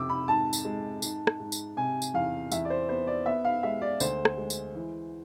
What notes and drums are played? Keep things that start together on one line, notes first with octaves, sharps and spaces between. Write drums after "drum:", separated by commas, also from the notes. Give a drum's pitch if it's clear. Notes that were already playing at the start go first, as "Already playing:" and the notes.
Already playing: F2 C3 D6 E6
B5
G#2 A5
drum: tambourine
G#3
G#2, drum: tambourine
drum: rim click
G#2
drum: tambourine
C3 G#5
drum: tambourine
E2 F5
E2 E5, drum: tambourine
D5
C5
B3 C5
D5
B3 E5
F5
G#3 E5
D5
D2 C5, drum: tambourine
drum: rim click
G#3
drum: tambourine
E3